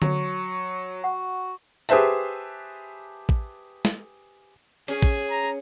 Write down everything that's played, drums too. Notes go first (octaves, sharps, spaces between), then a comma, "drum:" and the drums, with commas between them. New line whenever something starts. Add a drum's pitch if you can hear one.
F#3 C#6, drum: tom D3
F#4 F#5
G4 G#4 B4 C5 E5 A5, drum: hi-hat
drum: kick A1
drum: snare
C#4 G#4, drum: cymbal
drum: kick A1
A#5